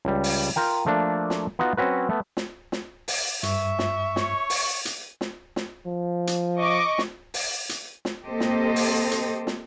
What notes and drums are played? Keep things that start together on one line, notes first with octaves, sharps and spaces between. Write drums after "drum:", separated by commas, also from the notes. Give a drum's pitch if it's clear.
C#2 G3
drum: open hi-hat
F4 A#4 G5
F3 A3 A#3 D4
drum: snare
B3 D#4 F4 F#4
F#3 C4 C#4 F#4 B4
A3 B3
drum: snare
drum: snare
drum: open hi-hat
G2 E5 C#6, drum: hi-hat
drum: snare
C#5, drum: snare
drum: open hi-hat
drum: hi-hat
drum: snare
drum: snare
F3
drum: hi-hat
D#5 C#6 D6
drum: snare
drum: open hi-hat
drum: hi-hat
drum: snare
A#3 C4 G4 A4 C5 D#5
drum: snare
drum: open hi-hat
drum: hi-hat
drum: snare